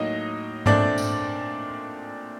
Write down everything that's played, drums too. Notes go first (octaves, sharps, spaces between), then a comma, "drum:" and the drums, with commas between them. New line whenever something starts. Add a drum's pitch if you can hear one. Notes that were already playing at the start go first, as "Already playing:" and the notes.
Already playing: A2 F#3 A#3 D#4 D#5
A#2 A3 C4 D4 D5, drum: tom G#2
drum: tambourine